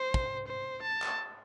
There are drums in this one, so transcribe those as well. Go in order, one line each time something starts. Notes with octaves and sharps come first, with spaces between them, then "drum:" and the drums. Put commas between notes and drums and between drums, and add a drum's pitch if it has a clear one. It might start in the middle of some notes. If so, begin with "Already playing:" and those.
Already playing: C5
drum: kick
C5
A5
drum: clap